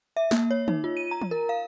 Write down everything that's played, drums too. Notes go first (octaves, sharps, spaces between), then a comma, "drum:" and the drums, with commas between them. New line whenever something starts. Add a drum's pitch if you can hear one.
E5
A#3, drum: snare
C#5
D#4, drum: tom
F4
D#7
A#5
drum: tom
A#4
F5